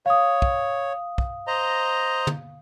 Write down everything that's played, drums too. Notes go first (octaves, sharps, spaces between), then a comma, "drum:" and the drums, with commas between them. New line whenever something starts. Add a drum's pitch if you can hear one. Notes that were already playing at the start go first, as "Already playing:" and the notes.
C#5 F5 D#6
drum: kick
drum: kick
C5 D#5 A#5
drum: tom